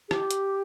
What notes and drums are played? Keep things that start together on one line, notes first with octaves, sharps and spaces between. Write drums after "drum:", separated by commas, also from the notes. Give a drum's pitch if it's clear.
G#4
G4, drum: rim click
drum: hi-hat